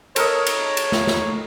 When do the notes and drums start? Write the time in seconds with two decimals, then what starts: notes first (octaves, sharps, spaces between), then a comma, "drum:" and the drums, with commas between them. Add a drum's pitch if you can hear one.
0.16 A4 A#4 C#5 D#5, drum: cymbal
0.47 drum: cymbal
0.77 drum: cymbal
0.92 drum: snare
1.07 drum: snare